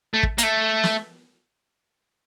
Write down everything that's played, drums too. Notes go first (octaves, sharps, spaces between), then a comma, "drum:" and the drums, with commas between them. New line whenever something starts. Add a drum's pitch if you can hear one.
A3
drum: kick
A#3, drum: hi-hat
A3
drum: snare